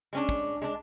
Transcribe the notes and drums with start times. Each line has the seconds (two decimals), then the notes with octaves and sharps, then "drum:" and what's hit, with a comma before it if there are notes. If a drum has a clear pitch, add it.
0.13 G#3 C#4 D4
0.29 drum: kick
0.62 G#3 D4